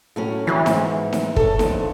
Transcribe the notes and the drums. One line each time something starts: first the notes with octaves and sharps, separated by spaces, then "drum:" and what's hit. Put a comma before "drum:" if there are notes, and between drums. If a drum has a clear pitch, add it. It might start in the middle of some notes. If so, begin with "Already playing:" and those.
A2 F#3 C#4
D3 E3 F#3 C#4
G#2, drum: snare D#4
drum: snare D#4
A4 C#5, drum: kick
F2 D3, drum: snare D#4